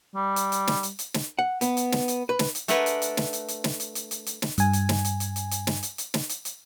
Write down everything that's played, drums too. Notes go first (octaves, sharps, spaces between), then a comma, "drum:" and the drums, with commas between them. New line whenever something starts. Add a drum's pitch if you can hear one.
G3
drum: hi-hat
drum: hi-hat
drum: snare
drum: hi-hat
drum: hi-hat
drum: snare
F#5
B3, drum: hi-hat
drum: hi-hat
drum: snare
drum: hi-hat
B4
drum: snare
drum: hi-hat
A3 D4 A#4 B4 F#5 G#5, drum: hi-hat
drum: hi-hat
drum: hi-hat
drum: snare
drum: hi-hat
drum: hi-hat
drum: snare
drum: hi-hat
drum: hi-hat
drum: hi-hat
drum: hi-hat
drum: snare
G2 G#5, drum: hi-hat
drum: hi-hat
drum: snare
drum: hi-hat
drum: hi-hat
drum: hi-hat
drum: hi-hat
drum: snare
drum: hi-hat
drum: hi-hat
drum: snare
drum: hi-hat
drum: hi-hat